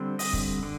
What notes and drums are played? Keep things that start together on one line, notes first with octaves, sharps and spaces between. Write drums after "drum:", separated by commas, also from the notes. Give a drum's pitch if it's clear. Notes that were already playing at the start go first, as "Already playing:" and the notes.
Already playing: D3 G3 C4
D#5, drum: open hi-hat
drum: kick
D3